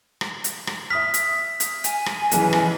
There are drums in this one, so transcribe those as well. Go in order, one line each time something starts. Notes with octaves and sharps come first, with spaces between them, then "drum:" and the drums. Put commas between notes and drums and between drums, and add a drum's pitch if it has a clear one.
drum: rim click
drum: hi-hat
drum: rim click
E5 D#6 F6 B6
drum: hi-hat
drum: hi-hat
G#5, drum: hi-hat
drum: rim click
B1 C#3 E3, drum: hi-hat
drum: rim click